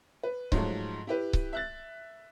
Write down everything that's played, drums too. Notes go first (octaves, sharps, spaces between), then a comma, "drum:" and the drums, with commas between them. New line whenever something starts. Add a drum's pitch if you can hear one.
B4
G#2 F3 F#3 G#3 A3, drum: kick C#1
E4 G4 B4
drum: kick C#1
E5 F#6 A6